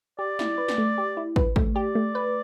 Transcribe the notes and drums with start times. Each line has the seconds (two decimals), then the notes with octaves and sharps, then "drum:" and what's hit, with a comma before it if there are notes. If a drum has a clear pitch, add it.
0.19 G4 D5
0.39 E4, drum: snare
0.58 B4
0.68 drum: snare
0.78 A3
0.98 G4
1.17 E4
1.36 B4, drum: kick
1.56 A3, drum: kick
1.75 G4 D5
1.95 A3
2.15 B4